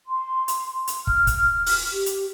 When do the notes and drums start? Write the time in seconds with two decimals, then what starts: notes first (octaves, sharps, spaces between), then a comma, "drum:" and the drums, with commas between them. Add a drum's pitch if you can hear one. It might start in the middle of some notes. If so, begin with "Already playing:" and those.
0.08 C6
0.48 drum: hi-hat
0.87 drum: hi-hat
1.07 F6, drum: kick
1.27 drum: kick, hi-hat
1.67 drum: open hi-hat
1.91 G4
2.06 drum: hi-hat